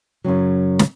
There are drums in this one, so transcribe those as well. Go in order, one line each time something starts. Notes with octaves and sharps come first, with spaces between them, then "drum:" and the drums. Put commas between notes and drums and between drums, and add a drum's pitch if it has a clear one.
F#2 C#3 F#3
drum: snare